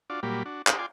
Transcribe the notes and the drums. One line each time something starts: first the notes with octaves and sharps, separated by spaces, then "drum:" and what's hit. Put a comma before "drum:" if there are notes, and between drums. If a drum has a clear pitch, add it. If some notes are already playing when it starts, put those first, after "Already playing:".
D4 F4 F#4 D5
A#2 F#3 G3 A#3 G4 B5
D4 F#4
G4 C5 D#5, drum: clap
F4 D5 G5 G#5 C6 D6